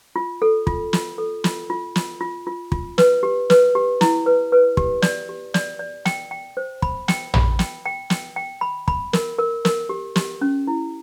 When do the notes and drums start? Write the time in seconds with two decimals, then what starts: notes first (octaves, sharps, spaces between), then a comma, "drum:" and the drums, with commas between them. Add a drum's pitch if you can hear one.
0.16 F4
0.42 A4
0.67 F4, drum: kick
0.93 F4, drum: snare
1.18 A4
1.44 F4, drum: snare
1.70 F4
1.96 F4, drum: snare
2.21 F4
2.47 F4
2.72 F4, drum: kick
2.98 B4, drum: snare
3.23 G4
3.50 B4, drum: snare
3.75 G4
4.01 E4, drum: snare
4.26 B4
4.52 B4
4.77 G4, drum: kick
5.02 D5, drum: snare
5.29 G4
5.54 D5, drum: snare
5.79 D5
6.05 G5, drum: snare
6.31 G5
6.57 C5
6.82 B5, drum: kick
7.08 G5, drum: snare
7.34 B5, drum: tom
7.59 G5, drum: snare
7.86 G5
8.10 G5, drum: snare
8.36 G5
8.61 B5
8.88 B5, drum: kick
9.13 A#4, drum: snare
9.38 A#4
9.65 A#4, drum: snare
9.89 G4
10.16 G4, drum: snare
10.41 C#4
10.67 E4